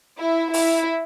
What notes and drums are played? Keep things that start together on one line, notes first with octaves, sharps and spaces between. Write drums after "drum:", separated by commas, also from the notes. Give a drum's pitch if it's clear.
E4
E4, drum: open hi-hat